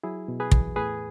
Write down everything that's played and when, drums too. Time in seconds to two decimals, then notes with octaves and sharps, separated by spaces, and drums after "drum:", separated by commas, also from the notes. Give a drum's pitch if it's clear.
0.03 F#3 E4 G#4
0.28 B2
0.40 G#4 B4
0.52 E2, drum: kick
0.76 A2 G#4 B4